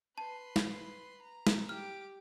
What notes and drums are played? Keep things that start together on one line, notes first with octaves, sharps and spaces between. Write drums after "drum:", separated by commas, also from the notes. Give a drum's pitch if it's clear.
B4 A5 C6
drum: snare
A#5
drum: snare
G4 D6 F6